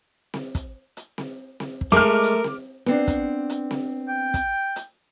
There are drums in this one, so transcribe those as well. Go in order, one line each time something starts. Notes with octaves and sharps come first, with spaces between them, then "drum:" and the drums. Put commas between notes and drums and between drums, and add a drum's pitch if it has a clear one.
drum: snare C4
drum: kick, hi-hat
drum: hi-hat
drum: snare C4
drum: snare C4
drum: kick
G#3 A3 A#4 D6 F6
drum: hi-hat
drum: snare C4
B3 C4 D4, drum: snare C4
drum: kick, hi-hat
drum: hi-hat
drum: snare C4
G5
drum: kick, hi-hat
drum: hi-hat